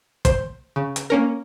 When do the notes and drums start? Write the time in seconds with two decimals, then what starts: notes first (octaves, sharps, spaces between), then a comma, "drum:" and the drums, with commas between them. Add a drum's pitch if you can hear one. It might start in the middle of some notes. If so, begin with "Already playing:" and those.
0.25 C5, drum: kick, hi-hat
0.76 C#3
0.96 drum: hi-hat
1.10 A#3 C#4 A#4